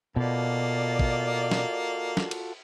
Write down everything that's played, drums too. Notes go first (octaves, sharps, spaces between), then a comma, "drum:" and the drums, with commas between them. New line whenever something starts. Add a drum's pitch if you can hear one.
B2 A#3 F4 F#4 A4 D5 D#5
drum: kick A1
drum: snare
drum: snare
drum: cymbal